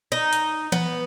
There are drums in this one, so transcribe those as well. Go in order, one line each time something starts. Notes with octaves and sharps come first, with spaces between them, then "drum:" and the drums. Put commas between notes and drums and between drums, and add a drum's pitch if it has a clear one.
D#4
drum: hi-hat
B3, drum: tom E3